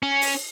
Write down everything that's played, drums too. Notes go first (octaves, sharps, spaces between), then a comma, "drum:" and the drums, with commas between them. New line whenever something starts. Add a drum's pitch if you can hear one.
C#4
drum: open hi-hat